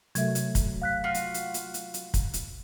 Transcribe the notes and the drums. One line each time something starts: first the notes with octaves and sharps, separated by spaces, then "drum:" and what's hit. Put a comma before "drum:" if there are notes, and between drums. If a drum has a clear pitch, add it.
C3 F#3 A3 E5 G#6, drum: hi-hat
drum: hi-hat
drum: kick, hi-hat
F5 F#6 B6
F4 F#4
drum: hi-hat
drum: hi-hat
drum: hi-hat
drum: hi-hat
drum: hi-hat
drum: kick, hi-hat
drum: hi-hat